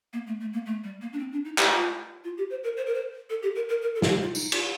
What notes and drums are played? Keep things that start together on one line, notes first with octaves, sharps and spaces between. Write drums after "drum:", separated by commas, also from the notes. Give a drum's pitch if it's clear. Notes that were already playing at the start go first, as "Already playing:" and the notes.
A#3
A3
A3
A#3
A3
G3
A#3
D4
C4
D4
D#4
G4, drum: clap
F4
F4
G4
C5
A#4
C5
A#4
C5
A4
G4
A#4
A#4
A#4
A4
F4, drum: snare
G4
F4
D#4, drum: tambourine
F4, drum: cymbal